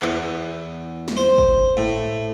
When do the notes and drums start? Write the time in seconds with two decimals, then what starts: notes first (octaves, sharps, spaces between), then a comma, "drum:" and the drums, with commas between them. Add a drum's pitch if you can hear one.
0.02 E2, drum: clap
1.08 drum: snare
1.17 C5
1.38 drum: kick
1.77 A2